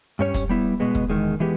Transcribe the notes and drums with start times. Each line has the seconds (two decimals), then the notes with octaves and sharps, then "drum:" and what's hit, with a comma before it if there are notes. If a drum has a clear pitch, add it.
0.19 G2 G3 C#4 G4 C#5
0.34 drum: kick, hi-hat
0.49 G3 B3 E4
0.80 B2 G#3 B3
0.95 drum: kick
1.10 E2 D#3 G#3
1.40 E3 G#3 B3 G4